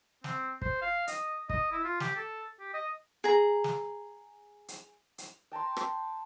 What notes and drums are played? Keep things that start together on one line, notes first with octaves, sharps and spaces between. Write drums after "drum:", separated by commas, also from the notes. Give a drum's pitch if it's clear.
C4, drum: snare
C5, drum: kick
F5
D#5, drum: hi-hat
D#5, drum: kick
E4
F4
G4, drum: snare
A4
G4
D#5
G#4 A#5
drum: snare
drum: hi-hat
drum: hi-hat
G5 A5 A#5 C6
drum: rim click